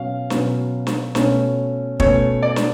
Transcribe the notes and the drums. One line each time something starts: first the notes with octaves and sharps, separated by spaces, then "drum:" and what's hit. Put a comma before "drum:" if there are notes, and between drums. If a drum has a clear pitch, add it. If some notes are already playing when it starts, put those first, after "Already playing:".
Already playing: B2 F#3 C#4 F5
B2 F#3 C#4, drum: snare
drum: snare
B2 A3 C#4, drum: snare
B2 A3 C#4 C#5, drum: kick
D5
drum: snare